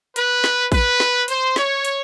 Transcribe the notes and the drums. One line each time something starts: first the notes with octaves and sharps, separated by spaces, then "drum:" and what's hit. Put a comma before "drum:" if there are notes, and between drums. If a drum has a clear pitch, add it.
B4, drum: hi-hat
drum: snare
B4, drum: kick, open hi-hat
drum: snare
C5, drum: hi-hat
C#5, drum: snare
drum: hi-hat